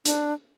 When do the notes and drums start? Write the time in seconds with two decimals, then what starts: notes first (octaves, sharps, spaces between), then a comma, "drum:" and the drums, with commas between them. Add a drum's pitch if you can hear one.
0.05 D4, drum: hi-hat